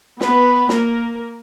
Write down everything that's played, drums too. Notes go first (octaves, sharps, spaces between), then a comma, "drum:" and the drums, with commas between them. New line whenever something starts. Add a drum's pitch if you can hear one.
B3 B4, drum: snare
A#3 A#4, drum: snare